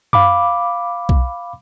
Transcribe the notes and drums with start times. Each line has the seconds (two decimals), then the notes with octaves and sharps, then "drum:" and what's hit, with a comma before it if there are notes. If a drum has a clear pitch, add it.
0.13 F5 B5 D6, drum: tom F#2
1.09 drum: kick B1